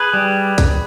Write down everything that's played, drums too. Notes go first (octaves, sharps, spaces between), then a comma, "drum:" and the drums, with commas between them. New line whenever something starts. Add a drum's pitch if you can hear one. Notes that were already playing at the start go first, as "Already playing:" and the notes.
Already playing: G#4 B4
G3
drum: kick, hi-hat